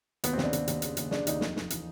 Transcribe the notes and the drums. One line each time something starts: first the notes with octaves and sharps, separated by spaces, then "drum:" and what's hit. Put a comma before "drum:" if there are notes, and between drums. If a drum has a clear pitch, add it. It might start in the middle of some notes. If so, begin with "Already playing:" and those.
D#2 B3, drum: hi-hat
C4
D#2, drum: snare
D4
D#2, drum: hi-hat
D#2, drum: hi-hat
C#3, drum: hi-hat
D#2, drum: hi-hat
C#3 D4, drum: snare
D#2 D#4, drum: hi-hat
F2, drum: snare
F2, drum: snare
E3, drum: hi-hat